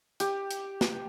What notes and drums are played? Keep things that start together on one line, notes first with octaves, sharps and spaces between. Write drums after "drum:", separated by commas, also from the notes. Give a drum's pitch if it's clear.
G4, drum: hi-hat
drum: hi-hat
drum: snare